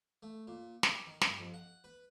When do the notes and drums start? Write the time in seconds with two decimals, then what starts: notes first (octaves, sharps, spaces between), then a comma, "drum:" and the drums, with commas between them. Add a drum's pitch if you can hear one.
0.23 A3
0.47 A#2
0.83 D4, drum: snare
1.07 D#3
1.21 G2, drum: snare
1.39 F2
1.54 F#5
1.84 B4